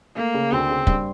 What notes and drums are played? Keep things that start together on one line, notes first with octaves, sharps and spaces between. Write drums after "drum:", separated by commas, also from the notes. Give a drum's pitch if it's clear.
A3 A#3
C#3
D2 C4
C#3
G2, drum: kick